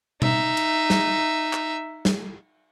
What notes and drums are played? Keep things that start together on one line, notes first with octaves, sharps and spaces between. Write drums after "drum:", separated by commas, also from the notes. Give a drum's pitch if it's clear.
D#4 E5, drum: tom B2
drum: cymbal
drum: snare
drum: clap
drum: snare